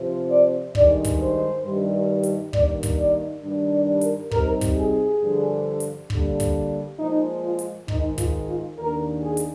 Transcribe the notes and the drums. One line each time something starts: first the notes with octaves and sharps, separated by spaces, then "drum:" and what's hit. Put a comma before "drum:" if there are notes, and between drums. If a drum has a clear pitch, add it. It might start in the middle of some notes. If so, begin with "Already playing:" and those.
Already playing: C3 F3 C4
D5
G2 D#3 G#3 D#4 D5, drum: kick
drum: kick, hi-hat
C5
G2 D#3 G3
drum: hi-hat
G2 D#3 A#3 D#4 D5, drum: kick
drum: kick, hi-hat
D5
G2 D#3 G3 D4
D5
A#4, drum: hi-hat
C3 G3 C4 D#4 A#4, drum: kick
drum: kick, hi-hat
G#4
G2 D3 F3
drum: hi-hat
D3 G3 A#3 D4, drum: kick
drum: kick, hi-hat
A#2 F3 G#3 D#4
F4
drum: hi-hat
G#2 D#3 G#3 D#4, drum: kick
F4, drum: kick, hi-hat
F4
D#2 D#3 A#3 D4 A#4
G#4
drum: hi-hat